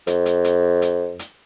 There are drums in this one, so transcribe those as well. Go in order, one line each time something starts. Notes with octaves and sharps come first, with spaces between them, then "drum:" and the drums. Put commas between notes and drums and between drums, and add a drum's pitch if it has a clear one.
F2, drum: hi-hat
drum: hi-hat
drum: hi-hat
drum: hi-hat
drum: hi-hat